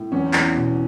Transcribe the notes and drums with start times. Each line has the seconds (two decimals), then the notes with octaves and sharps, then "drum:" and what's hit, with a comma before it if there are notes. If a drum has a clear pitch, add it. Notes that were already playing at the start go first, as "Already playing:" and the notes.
Already playing: A2
0.12 E2 C#4
0.33 E2, drum: clap
0.54 B2